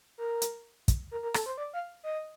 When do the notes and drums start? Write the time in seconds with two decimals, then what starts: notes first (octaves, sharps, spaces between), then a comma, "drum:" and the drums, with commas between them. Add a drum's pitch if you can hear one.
0.18 A#4
0.42 drum: hi-hat
0.88 drum: kick, hi-hat
1.11 A#4
1.23 A#4
1.34 A4, drum: rim click
1.46 C5
1.58 D5
1.74 F5
2.04 D#5